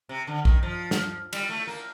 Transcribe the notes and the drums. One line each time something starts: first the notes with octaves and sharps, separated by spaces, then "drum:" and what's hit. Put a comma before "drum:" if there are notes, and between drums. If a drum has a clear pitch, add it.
C3
D3
D#3, drum: kick
F3
drum: snare
G3, drum: cymbal
A3
A#3